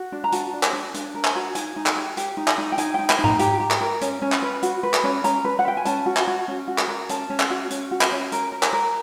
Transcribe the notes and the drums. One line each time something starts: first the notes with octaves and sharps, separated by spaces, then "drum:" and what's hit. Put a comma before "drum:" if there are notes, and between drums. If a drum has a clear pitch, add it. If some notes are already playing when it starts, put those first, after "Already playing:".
Already playing: F#4
D4
A#5
F#4 A5, drum: hi-hat
D4
drum: clap
D4
D4, drum: hi-hat
A#4
drum: clap
F#4
D#4 G#5, drum: hi-hat
D#4
drum: clap
G4
G4, drum: hi-hat
D#4
drum: clap
D#4
G5
D#4 G#5, drum: hi-hat
D#4 G5
G#5, drum: clap
D#4
A#5, drum: tom G#2
G4 A#5, drum: hi-hat
G4
drum: clap
A#4
C#4, drum: hi-hat
C#4
drum: clap
B4
F#4, drum: hi-hat
B4
drum: clap
C#4
C#4 A#5, drum: hi-hat
B4
F#5
B4 G5
G#5
C#4 A5, drum: hi-hat
F#4
drum: clap
F#4
C#4
F#4
drum: clap
A#4
C#4 A5, drum: hi-hat
C#4
drum: clap
F#4
C#4, drum: hi-hat
F#4
drum: clap
C#4
A#4, drum: hi-hat
A#4
drum: clap
A#4